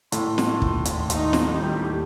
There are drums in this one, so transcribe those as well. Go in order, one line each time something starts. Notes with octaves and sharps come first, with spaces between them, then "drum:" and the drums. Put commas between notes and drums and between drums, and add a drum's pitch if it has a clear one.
A2 C6, drum: hi-hat
drum: snare
D#2, drum: kick
drum: hi-hat
D#4, drum: hi-hat
drum: snare
G3 G4